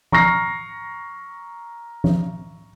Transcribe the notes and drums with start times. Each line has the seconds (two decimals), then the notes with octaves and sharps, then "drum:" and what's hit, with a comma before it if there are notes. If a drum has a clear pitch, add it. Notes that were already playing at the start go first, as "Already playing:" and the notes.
0.12 A#5 C#6 F6 A#6 C7, drum: tom F3
2.04 drum: tom F3